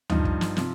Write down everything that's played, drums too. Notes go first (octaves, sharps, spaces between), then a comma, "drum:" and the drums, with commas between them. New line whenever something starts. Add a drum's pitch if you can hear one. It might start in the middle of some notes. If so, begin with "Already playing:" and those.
G2 F3 D#4, drum: tom D2
drum: kick
drum: snare
C3 F3, drum: snare